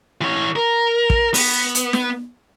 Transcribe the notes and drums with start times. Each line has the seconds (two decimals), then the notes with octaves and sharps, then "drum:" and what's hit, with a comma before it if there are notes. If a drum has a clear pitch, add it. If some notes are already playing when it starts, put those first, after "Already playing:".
0.21 E3 C#5
0.56 A#4
1.10 drum: kick
1.34 B3, drum: open hi-hat
1.75 drum: hi-hat
1.93 drum: snare